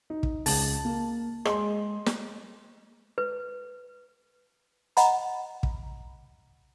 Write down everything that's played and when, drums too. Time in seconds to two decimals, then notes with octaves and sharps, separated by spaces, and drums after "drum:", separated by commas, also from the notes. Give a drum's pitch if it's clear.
0.10 D#4
0.23 drum: kick
0.46 C#2 A5, drum: open hi-hat
0.85 A#3
1.45 G#3 D#5 C6, drum: rim click
2.06 drum: snare
3.18 B4
4.97 D#5 F#5 A#5 B5, drum: hi-hat
5.63 drum: kick